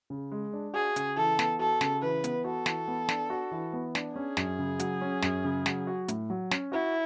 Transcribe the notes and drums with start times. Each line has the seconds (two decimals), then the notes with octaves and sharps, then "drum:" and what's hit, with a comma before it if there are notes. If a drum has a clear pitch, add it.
0.10 C#3
0.31 G#3
0.53 D4
0.74 F#4 G#4
0.96 C#3, drum: hi-hat
1.17 E3 A4
1.39 B3, drum: snare
1.59 F#4 A4
1.81 C#3, drum: snare
2.02 E3 B4
2.24 B3, drum: hi-hat
2.44 F#4 A4
2.66 E3, drum: snare
2.88 B3
3.09 D4, drum: snare
3.30 F#4
3.51 E3
3.73 B3
3.95 D4, drum: snare
4.16 C#4 G#4
4.37 F#2, drum: snare
4.59 C#3
4.79 F#3, drum: hi-hat
5.01 C#4
5.22 F#2, drum: snare
5.44 C#3
5.66 F#3, drum: snare
5.87 F#4
6.08 A2, drum: hi-hat
6.30 F#3
6.51 C#4, drum: snare
6.72 E4 F#4